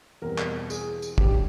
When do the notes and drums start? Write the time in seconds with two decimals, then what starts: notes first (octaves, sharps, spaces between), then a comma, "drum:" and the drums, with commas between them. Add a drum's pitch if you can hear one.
0.22 E2 B2 G3 C4 A#4
0.38 drum: clap
0.70 G#4, drum: tambourine
1.02 drum: tambourine
1.18 D3 F#3 A3 D4 F#4 G4, drum: kick